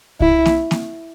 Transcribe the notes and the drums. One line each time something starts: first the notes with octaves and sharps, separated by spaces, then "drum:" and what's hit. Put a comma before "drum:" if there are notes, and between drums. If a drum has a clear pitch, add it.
E4, drum: kick C2
drum: snare A#3
drum: snare A#3